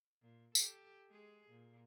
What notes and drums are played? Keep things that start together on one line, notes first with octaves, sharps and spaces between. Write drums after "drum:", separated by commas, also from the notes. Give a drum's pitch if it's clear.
A#2
G4 A4, drum: tambourine
G#3 G#4
A#2